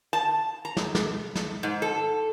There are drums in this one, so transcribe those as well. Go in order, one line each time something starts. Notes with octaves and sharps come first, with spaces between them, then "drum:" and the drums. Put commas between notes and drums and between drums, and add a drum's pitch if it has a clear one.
A5
A#5
drum: snare
drum: snare
drum: snare
G#2
A4